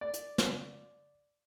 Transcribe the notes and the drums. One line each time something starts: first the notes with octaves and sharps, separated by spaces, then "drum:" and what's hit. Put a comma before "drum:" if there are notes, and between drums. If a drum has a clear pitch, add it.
D5
drum: hi-hat
drum: snare